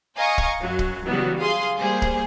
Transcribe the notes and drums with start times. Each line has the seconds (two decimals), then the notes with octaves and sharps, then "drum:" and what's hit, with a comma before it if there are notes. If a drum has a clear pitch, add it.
0.16 D#5 F5 G#5 A#5 C#6 D#6
0.38 drum: kick
0.61 F#2 F#3
0.79 drum: kick
1.04 C#3 E3 F#3 G3 B3
1.40 G#4 F5 C6 D#6
1.77 G3 A#3 G#4 C5
2.02 drum: kick